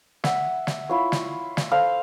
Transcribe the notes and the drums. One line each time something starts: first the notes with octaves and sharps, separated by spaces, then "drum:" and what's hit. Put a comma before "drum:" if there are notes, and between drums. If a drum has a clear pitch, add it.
E5 F#5, drum: snare
drum: snare
E4 F4 C#5
drum: snare
drum: snare
A4 C5 F5